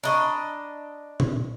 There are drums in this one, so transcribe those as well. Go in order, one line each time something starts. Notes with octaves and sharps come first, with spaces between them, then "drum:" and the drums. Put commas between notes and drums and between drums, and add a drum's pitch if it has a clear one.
D4 D#5 A#5 B5 C#6
drum: tom A#2